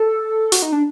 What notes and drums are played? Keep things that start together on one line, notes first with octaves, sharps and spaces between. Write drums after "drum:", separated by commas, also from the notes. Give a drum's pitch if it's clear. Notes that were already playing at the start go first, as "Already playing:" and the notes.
Already playing: A4
F#4, drum: hi-hat
D#4
D4